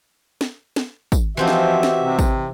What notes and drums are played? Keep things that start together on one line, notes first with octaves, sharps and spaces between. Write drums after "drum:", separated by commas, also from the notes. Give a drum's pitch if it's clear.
drum: snare
drum: snare
drum: kick, tambourine
E3 F3 C4 D#4 F#4 G4 E5
drum: snare
drum: snare
C3
drum: kick, tambourine